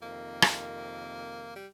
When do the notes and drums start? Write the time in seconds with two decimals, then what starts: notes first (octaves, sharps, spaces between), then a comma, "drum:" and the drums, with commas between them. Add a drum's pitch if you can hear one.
0.01 F2 C3 D#3 A#3
0.42 drum: rim click
1.56 G3